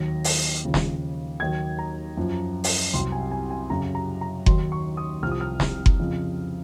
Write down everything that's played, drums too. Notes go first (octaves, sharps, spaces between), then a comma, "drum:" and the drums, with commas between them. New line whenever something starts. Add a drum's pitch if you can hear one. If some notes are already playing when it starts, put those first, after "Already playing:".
Already playing: D#2 D#3 F#3 A#6
drum: open hi-hat
D#2 C#3 F3
drum: snare
D#2 D#3 F#3 G#6
A#5
F#2 F3
drum: open hi-hat
C2 C3 F#3 C6
G#5
G#5
G#5
F#2 C#3 F#3 A#5
A#5
A#5
D#2 D#3 F#3 C6, drum: kick F#1
C#6
D#6
C2 C3 F3 F6
D#6
F6
drum: snare
drum: kick F#1
F2 C#3 F3